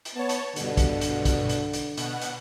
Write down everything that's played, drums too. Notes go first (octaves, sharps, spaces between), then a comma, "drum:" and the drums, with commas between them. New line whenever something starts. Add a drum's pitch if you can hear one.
drum: hi-hat
B3 C#5 A5
drum: hi-hat
G2 B2 D3, drum: hi-hat
drum: kick, hi-hat
drum: hi-hat
drum: kick, hi-hat
drum: hi-hat
drum: hi-hat
B2 F#5, drum: hi-hat
drum: hi-hat